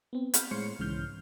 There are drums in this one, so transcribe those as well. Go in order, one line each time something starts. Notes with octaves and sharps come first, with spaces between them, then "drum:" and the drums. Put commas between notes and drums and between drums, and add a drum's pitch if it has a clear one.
B3 C4
B5 F6 G6, drum: hi-hat
A2 G#3 C5 C#5 C6 C#7
B1 G#2 C#3 E3 F6 G6